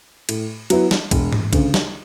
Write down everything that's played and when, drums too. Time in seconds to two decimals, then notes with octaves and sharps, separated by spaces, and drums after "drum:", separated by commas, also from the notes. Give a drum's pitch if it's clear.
0.29 A2, drum: cymbal
0.70 F#3 B3 E4, drum: cymbal
0.91 drum: snare
1.11 E1, drum: kick B1, cymbal
1.33 drum: tom
1.53 D2 C#3, drum: kick B1, cymbal
1.74 drum: snare